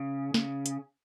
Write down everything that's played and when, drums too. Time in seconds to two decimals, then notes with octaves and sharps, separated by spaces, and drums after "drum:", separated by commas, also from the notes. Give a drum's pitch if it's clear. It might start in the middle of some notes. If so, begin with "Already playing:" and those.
Already playing: C#3
0.34 C#3, drum: snare
0.66 drum: hi-hat